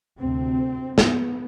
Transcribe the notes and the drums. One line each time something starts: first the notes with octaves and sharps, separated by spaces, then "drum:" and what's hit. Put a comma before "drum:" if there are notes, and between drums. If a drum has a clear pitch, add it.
D2 C3 C4
B3, drum: snare